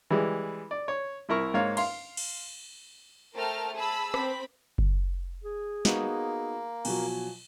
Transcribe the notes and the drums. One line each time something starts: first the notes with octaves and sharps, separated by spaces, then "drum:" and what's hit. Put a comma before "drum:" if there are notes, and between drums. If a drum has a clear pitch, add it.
E3 G3 G#3
D5
C#5
C2 E4 A#4 C#6
G#2 A#3 C#5 F5
F5 C6, drum: cymbal
drum: cymbal
A3 A#4 C5 G5 A5 F6
G#4 A5 B5 E6
C4 B5, drum: rim click
drum: kick F#1
G#4
A#3 B3 D#4 F#4, drum: snare
B2 F3 F#3 G#5, drum: cymbal